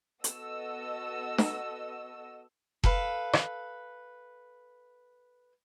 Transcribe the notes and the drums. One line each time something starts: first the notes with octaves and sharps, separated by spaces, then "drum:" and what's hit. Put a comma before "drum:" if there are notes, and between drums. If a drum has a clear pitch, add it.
B3 F#4 A4 D#5 E6, drum: hi-hat
drum: snare
A4 B4 F5, drum: kick F1
drum: rim click